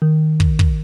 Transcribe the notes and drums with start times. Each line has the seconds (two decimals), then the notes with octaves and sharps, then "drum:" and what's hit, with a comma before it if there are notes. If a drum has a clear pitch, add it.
0.02 D#3
0.40 drum: kick
0.59 drum: kick